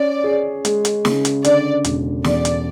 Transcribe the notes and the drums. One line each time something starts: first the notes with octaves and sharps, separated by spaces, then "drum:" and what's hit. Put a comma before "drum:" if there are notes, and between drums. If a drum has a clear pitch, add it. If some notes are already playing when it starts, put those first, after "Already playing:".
Already playing: C#4 D5
G#4
G#3, drum: hi-hat
drum: hi-hat
C#3, drum: snare
drum: hi-hat
D3 D5, drum: hi-hat
E1, drum: hi-hat
E2 D5, drum: snare
drum: hi-hat